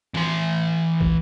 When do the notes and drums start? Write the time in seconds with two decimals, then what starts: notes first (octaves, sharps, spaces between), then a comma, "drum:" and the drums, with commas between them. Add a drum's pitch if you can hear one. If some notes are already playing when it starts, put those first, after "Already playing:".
0.15 E3 C6, drum: snare
1.01 drum: kick